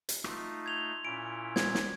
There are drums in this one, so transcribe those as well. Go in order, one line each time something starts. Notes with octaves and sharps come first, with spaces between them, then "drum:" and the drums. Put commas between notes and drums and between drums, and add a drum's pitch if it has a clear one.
drum: hi-hat
A3 D#4 F4, drum: rim click
G#6 F7 G7
A#2 C#4 E4 D7
G#6, drum: snare
drum: snare